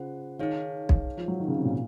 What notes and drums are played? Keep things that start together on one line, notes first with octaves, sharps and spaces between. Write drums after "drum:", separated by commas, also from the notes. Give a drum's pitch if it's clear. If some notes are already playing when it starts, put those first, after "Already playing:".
Already playing: C#3 F4 G#4 C5 F#5
D#3 D#4 G#4 C#5 F5
drum: kick B1
F3
F#3
D#3
C#3
C3
A#2